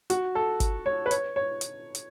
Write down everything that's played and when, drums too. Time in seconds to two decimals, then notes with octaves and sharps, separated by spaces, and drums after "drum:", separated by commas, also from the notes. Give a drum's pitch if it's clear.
0.10 F#4, drum: hi-hat
0.35 A4
0.60 drum: kick G1, hi-hat
0.86 C#5
1.06 B4
1.11 C#5, drum: hi-hat
1.36 C#5
1.61 drum: hi-hat
1.95 drum: hi-hat